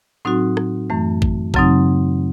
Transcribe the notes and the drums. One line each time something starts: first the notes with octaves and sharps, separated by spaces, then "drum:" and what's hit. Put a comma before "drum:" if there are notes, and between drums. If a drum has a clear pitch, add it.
A2 F#3 C4 D#4 F#4
drum: rim click
F#2 E3 A3
drum: kick G#1
F#2 C#3 F#3 C4 D#4, drum: kick G#1